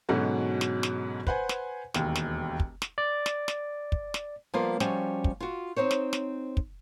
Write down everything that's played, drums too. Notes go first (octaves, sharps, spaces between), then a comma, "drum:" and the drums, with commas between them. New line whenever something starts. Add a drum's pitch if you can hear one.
G#2 B2 D3 F#3 C#4 F#4
drum: snare
drum: snare
B4 C5 F#5 G#5, drum: kick
drum: snare
E1 D#2, drum: snare
drum: snare
drum: kick
drum: snare
D5
drum: snare
drum: snare
drum: kick
drum: snare
F3 G3 A#3 B3 F4
F3 G3 C#4 F#4 G4, drum: snare
drum: kick
F4 F#4
C4 D#4 C5 C#5
drum: snare
drum: snare
drum: kick